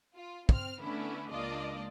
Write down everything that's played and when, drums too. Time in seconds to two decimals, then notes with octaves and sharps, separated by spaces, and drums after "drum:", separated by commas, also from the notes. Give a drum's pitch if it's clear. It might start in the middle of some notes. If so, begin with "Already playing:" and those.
0.15 F4
0.49 C4 F6, drum: kick
0.80 D3 A3 B3 C#4 D4 E4
1.30 C#2 A#3 D4 F4 D5 D#5